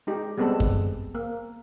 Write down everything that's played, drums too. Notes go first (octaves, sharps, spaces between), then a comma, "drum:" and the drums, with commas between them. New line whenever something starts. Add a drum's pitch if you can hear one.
G#3 D#4 G4
G3 G#3 B3 C4 A4
drum: kick F#2
A#3